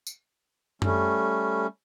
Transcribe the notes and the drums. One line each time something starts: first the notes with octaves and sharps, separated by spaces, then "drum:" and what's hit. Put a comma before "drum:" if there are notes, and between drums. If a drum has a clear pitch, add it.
drum: tambourine
G3 A3 C#4, drum: tom F#2